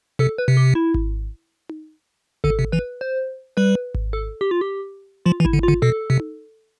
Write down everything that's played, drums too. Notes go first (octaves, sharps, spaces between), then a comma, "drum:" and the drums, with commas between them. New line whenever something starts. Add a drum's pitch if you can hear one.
C3 A4
B4
C3
G4
E4
drum: kick G#1
drum: tom D#4
D3 A4, drum: kick G#1
C3
E3 B4
C5
G3 B4
drum: kick G#1
A4
G4
F4
G4
F3 F4
E3
E4, drum: kick G#1
D3
F4
D3
B2 A4
C3
drum: tom D#4